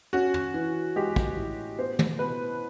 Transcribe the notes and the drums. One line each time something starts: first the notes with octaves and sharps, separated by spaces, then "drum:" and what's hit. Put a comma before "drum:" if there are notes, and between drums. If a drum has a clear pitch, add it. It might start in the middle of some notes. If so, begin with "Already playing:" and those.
C#4 F#4
drum: tom
E3
G#3 G4
drum: kick
A2
B3 C5
drum: tom
B2 B4